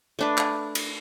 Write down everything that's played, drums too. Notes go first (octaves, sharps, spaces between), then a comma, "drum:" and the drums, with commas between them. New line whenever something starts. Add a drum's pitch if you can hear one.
A3 D4 B4
drum: clap
drum: cymbal